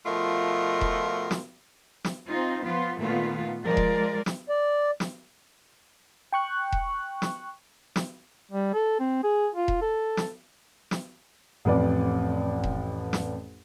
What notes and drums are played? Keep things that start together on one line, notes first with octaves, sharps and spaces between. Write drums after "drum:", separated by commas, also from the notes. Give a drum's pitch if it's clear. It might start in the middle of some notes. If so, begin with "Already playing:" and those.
B2 F3 A3 F4 A#4 D#5
drum: kick E1
drum: snare
drum: snare
C4 D#4 F4
F3 B3 F4
A#2 D#3 A3 B3 F4
F3 G#3 F4 A#4 D5
drum: kick E1
drum: snare
D5
drum: snare
G5 C#6 F#6
drum: kick E1
drum: snare
drum: snare
G3
A4
C4
G#4
F4
drum: kick E1
A4
drum: snare
drum: snare
A1 F2 B4 D5
drum: kick E1
drum: snare